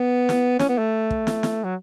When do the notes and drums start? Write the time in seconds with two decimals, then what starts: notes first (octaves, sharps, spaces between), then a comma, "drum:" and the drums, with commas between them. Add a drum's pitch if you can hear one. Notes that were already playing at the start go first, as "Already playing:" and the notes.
Already playing: B3
0.29 drum: snare
0.59 C#4, drum: snare
0.69 B3
0.78 A3
1.10 drum: kick
1.27 drum: snare
1.43 drum: snare
1.64 F#3